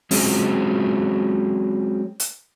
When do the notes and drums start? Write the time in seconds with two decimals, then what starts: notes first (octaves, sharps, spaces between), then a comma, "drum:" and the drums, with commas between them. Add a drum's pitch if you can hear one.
0.11 F#3 G#3 C4 C#4 G#4, drum: open hi-hat
2.20 drum: hi-hat